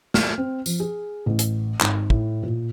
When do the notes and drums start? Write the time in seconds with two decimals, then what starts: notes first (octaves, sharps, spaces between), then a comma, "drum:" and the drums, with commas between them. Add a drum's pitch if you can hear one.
0.14 F6, drum: snare
0.38 C4
0.66 F3, drum: tambourine
0.80 G#4
1.26 A1
1.39 drum: hi-hat
1.81 G#1, drum: clap
2.10 A2, drum: kick
2.43 A#2